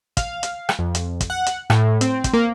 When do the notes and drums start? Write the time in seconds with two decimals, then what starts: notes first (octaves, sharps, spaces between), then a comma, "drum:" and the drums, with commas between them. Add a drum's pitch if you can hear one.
0.17 F5, drum: kick, hi-hat
0.43 drum: hi-hat
0.69 drum: rim click
0.79 F2
0.95 drum: hi-hat
1.21 drum: kick, hi-hat
1.30 F#5
1.46 drum: hi-hat
1.70 A2, drum: rim click
2.01 C4, drum: hi-hat
2.24 drum: kick, hi-hat
2.33 A#3